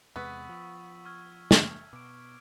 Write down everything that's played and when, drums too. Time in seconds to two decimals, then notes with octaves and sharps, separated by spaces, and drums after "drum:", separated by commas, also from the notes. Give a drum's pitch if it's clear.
0.16 E2 C3 G#3 B3 C#6 E6 B6
0.49 F3
1.05 C#6 F6 G#6
1.51 drum: snare
1.93 B2 D6 D7